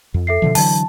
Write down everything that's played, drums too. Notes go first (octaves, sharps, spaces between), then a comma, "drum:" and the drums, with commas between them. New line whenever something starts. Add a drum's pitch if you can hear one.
F2
A4 E5 C7
B2 D3 F3
D3 E3 F#3 A5, drum: open hi-hat